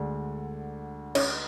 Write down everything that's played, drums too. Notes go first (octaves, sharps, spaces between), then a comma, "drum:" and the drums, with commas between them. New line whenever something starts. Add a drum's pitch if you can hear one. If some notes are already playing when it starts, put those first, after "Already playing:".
Already playing: D2 D3 G#3
C#4 C#5, drum: cymbal